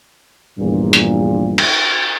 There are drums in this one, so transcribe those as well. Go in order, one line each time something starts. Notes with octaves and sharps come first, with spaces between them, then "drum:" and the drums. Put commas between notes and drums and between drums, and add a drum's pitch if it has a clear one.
A#1 E2 G2 A#2
drum: hi-hat
drum: cymbal